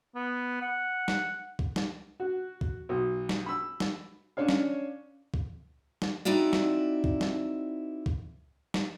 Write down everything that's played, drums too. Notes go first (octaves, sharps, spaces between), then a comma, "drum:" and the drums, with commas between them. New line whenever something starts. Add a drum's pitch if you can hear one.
B3
F#5
drum: snare
drum: kick
drum: snare
F#4
drum: kick
B1
drum: snare
B5 E6
drum: snare
C#4 D4 C#5 F5
drum: snare
drum: kick
drum: snare
C4 D#4 E4 F#4 D5
drum: snare
drum: kick
drum: snare
drum: kick
drum: snare